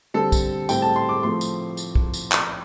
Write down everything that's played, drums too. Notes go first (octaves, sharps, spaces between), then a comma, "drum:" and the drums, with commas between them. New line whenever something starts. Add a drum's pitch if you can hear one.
D3 G3 C4 A4
drum: kick, tambourine
A2 G3 C4 G5, drum: tambourine
A5
C6
D6
A2 F3 A3 C4 C6
drum: tambourine
drum: tambourine
drum: kick
drum: tambourine
drum: clap